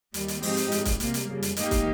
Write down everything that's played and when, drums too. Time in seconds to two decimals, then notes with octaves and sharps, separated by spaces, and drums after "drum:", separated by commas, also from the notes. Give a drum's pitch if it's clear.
0.14 D#2 D#3 G3, drum: hi-hat
0.28 drum: hi-hat
0.42 G#2 F3 C4 D#4 G4, drum: open hi-hat
0.57 drum: hi-hat
0.72 G#1 G#2 F3, drum: hi-hat
0.85 drum: kick, hi-hat
1.00 C3 G3 A#3, drum: hi-hat
1.14 drum: hi-hat
1.28 F2 C#3 G3
1.43 drum: hi-hat
1.57 G#2 D#3 A#3 D#4 G4, drum: hi-hat
1.71 drum: kick, hi-hat